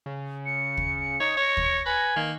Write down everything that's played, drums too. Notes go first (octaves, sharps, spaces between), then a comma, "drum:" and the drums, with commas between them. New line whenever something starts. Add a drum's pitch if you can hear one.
C#3
C#7
drum: kick
D#4 C#5
C#5 A#6
drum: kick
B4 G#5
D#3 A#3